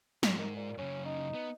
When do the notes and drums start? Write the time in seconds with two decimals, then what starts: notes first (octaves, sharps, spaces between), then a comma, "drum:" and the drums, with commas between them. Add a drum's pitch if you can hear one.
0.23 G#2, drum: snare
0.38 D#3
0.56 A#2
0.78 F#2 C#3 C#4
1.05 D#4
1.35 B3